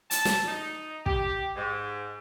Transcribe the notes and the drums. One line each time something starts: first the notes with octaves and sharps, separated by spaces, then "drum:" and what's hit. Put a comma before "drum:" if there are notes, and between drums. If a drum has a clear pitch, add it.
A5, drum: hi-hat
drum: snare
D#4
G4, drum: kick
G#2